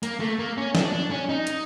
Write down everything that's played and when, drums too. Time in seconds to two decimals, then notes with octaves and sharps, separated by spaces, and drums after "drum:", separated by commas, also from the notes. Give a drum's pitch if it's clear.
0.03 A#3, drum: hi-hat
0.20 A3
0.39 A#3
0.57 C#4
0.75 D4, drum: snare
0.93 D4
1.11 C#4
1.29 D#4
1.47 drum: hi-hat